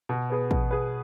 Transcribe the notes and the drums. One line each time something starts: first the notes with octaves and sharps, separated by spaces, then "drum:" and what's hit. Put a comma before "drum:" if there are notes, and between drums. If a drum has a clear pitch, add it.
B2
B3 G#4 B4
B2, drum: kick
B3 G#4 B4